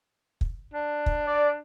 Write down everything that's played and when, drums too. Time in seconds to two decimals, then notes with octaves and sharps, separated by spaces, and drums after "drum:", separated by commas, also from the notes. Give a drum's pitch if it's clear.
0.41 drum: kick
0.74 D4
1.06 drum: kick
1.27 D5